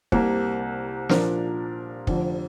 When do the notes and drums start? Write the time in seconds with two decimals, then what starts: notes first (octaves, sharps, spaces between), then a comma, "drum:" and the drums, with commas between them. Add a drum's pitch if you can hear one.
0.12 C2 C3 A#3, drum: kick
1.09 A#2 F3 D4 A#4, drum: snare
2.07 F1 F2 D3 F3, drum: kick